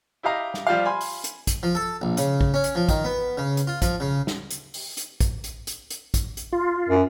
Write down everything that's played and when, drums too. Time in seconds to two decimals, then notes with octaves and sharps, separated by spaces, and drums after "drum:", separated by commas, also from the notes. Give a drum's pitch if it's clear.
0.23 E4 G4 D#5 F5 A#5
0.54 drum: snare
0.67 F3 G3 F4 G4 F5
0.85 G#5 B5 C6
1.01 drum: open hi-hat
1.24 drum: hi-hat
1.47 drum: kick, hi-hat
1.63 F3
1.75 A4
2.02 A#1
2.17 C#3, drum: hi-hat
2.41 drum: kick
2.54 C#4
2.64 drum: hi-hat
2.75 F3
2.89 D#3, drum: kick, hi-hat
3.04 B3
3.37 C#3
3.57 drum: hi-hat
3.67 F4
3.82 F3, drum: kick, hi-hat
4.00 C#3
4.27 drum: snare
4.51 drum: hi-hat
4.74 drum: open hi-hat
4.97 drum: hi-hat
5.20 drum: kick, hi-hat
5.44 drum: hi-hat
5.67 drum: hi-hat
5.90 drum: hi-hat
6.14 drum: kick, hi-hat
6.37 drum: hi-hat
6.53 F4
6.89 F#2